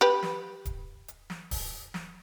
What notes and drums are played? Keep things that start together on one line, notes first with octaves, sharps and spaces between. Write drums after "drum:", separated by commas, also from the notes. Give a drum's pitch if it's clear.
G4 B4
drum: snare
drum: kick D1, hi-hat
drum: hi-hat
drum: snare
drum: kick D1, open hi-hat
drum: snare